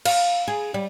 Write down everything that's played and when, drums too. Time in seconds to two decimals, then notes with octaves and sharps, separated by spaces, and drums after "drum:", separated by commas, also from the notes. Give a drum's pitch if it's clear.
0.05 F5, drum: cymbal
0.48 G#4
0.74 G3